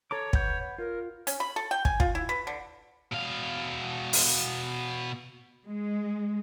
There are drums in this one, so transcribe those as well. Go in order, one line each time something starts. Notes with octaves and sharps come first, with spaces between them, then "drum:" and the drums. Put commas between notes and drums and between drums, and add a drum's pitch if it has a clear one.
A4 C#5 A#5 D6
B4 F#5 G6, drum: kick
F4 A#4
C#4, drum: hi-hat
B5
A4
G5
G#5, drum: kick
F4, drum: kick
E4
B4
D3
B2 F5
drum: open hi-hat
G#3